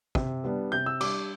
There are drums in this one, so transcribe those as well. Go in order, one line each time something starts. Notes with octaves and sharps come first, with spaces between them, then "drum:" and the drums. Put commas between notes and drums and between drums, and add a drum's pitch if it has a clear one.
C3, drum: kick
G3 B3 D4
C3 G6
E6
G3 D4 D6, drum: cymbal